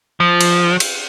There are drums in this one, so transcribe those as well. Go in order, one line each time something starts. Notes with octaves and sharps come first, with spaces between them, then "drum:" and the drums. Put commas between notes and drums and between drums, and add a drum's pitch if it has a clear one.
F3
drum: cymbal
drum: cymbal